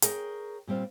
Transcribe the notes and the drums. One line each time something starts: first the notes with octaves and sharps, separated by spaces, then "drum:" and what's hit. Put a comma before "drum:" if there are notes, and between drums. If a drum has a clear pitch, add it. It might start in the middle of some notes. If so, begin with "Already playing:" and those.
G#4 A#4 C#5 E5 G5, drum: hi-hat
A#2 G3 C4 F5